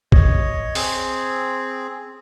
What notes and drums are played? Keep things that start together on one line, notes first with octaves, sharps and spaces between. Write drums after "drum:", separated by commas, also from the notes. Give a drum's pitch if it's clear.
C#5 D#5, drum: kick A#1
C4 G#4, drum: open hi-hat